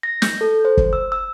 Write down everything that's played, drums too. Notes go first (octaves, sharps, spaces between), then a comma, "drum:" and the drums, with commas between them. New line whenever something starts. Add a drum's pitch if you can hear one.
A#6
G6, drum: snare
A4
C5
drum: kick
E6
E6